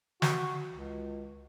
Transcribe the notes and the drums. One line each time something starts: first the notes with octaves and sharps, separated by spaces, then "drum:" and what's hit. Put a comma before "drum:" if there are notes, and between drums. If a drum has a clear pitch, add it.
F#4, drum: snare
C#2